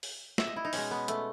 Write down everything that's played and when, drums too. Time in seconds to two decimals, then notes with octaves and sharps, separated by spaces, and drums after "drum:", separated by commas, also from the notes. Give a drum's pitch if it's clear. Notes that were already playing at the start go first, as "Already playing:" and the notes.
0.03 drum: open hi-hat
0.38 E5, drum: snare
0.47 D#5
0.56 E4
0.65 D#4
0.73 B2 G#3 C#4, drum: open hi-hat
0.91 B3
1.08 A3, drum: hi-hat